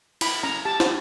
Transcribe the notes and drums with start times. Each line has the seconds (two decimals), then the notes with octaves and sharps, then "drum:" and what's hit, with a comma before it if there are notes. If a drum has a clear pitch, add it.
0.21 E4 B5, drum: cymbal
0.43 C#4 A#5
0.65 G4 A5
0.80 drum: snare